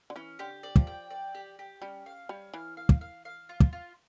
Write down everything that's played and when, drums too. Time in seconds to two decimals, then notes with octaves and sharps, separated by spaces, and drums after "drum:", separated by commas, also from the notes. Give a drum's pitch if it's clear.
0.10 D3
0.16 E3 C#4
0.39 D3 G4
0.63 D5
0.76 F3, drum: kick
0.87 G5
1.10 D5
1.35 G4
1.59 G4
1.82 G3 C#4
2.06 F5
2.29 G3 C#4
2.54 E3 F5
2.77 F5
2.89 drum: kick
3.01 F5
3.25 F5
3.49 F4
3.61 drum: kick
3.73 F4